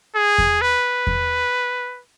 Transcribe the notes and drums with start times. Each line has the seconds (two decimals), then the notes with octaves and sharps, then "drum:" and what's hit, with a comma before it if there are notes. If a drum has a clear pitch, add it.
0.15 G#4
0.38 drum: kick E2
0.61 B4
1.07 drum: kick E2